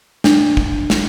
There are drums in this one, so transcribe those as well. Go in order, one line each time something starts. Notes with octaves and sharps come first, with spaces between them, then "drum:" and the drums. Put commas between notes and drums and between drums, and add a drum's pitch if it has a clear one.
D4, drum: snare
drum: kick
drum: snare